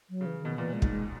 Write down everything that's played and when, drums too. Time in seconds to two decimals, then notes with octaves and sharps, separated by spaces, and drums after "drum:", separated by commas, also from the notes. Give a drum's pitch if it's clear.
0.10 F#3
0.21 C#3
0.26 E3
0.41 B2 D#3
0.58 A#2 E3
0.74 G#3
0.82 G#2, drum: kick
0.90 G#3